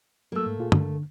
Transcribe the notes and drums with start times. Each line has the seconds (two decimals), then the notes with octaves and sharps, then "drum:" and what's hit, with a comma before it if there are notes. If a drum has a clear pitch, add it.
0.32 F#3 A3 A#3 E6
0.46 G#2
0.58 A#2 F4 G#4
0.72 D3, drum: tom